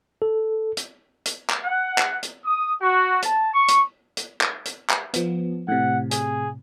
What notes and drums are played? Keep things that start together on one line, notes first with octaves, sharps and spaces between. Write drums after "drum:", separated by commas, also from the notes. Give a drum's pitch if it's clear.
A4
drum: hi-hat
drum: hi-hat
drum: clap
F#5
drum: clap
drum: hi-hat
D#6
F#4
A5, drum: hi-hat
C#6
drum: hi-hat
drum: hi-hat
drum: clap
drum: hi-hat
drum: clap
F3 B3, drum: hi-hat
A2 C3 F#5
G#4, drum: hi-hat